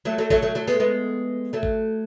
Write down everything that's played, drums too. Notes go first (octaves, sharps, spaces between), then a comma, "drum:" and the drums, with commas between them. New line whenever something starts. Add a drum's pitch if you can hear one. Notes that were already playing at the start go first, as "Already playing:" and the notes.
F#3 A3
F#3 A3
F#3 A3, drum: kick G#1
F#3 A3
F#3 A3
G#3 B3, drum: tambourine
G#3 B3
F#3 A3
drum: kick G#1